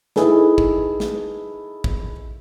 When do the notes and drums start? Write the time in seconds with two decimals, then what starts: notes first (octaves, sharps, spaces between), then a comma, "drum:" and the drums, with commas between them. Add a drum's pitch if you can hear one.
0.16 D#4 E4 G#4 A4 B4, drum: snare
0.58 drum: kick
1.00 drum: snare
1.84 drum: kick